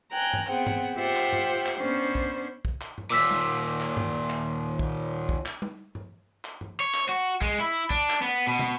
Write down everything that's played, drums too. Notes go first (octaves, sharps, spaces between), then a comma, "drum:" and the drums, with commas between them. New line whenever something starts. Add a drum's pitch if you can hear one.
G5 G#5 A#5 F#6
drum: tom G2
B3 C4 G#4 F#5 G5
drum: tom G2
F4 G4 C5 E5 F#5 G5
drum: clap
drum: tom G2
drum: clap
B3 C#4 D4 C5
drum: kick
drum: kick
drum: clap
drum: tom G2
D#2 A#2 D6 E6 B6
drum: tom G3
drum: clap
drum: tom G2
drum: clap
drum: kick
drum: kick
drum: clap
drum: tom G3
drum: tom G2
drum: clap
drum: tom G2
C#5
drum: clap
F#4
G#3, drum: kick
E4
D4, drum: kick
drum: clap
B3
B2
drum: tom